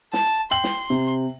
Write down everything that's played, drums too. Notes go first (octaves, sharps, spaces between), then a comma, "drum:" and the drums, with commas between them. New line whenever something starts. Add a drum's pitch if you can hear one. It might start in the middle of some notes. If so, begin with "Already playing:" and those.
A5, drum: snare
G5 C6 F#7
drum: snare
C3